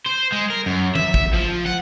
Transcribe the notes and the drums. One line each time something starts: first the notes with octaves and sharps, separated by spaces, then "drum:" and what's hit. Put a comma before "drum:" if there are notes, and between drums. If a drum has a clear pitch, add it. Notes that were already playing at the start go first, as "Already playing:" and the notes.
C5
G#3
A#4
F#2
E5, drum: tom D#3
drum: kick
F3
F#5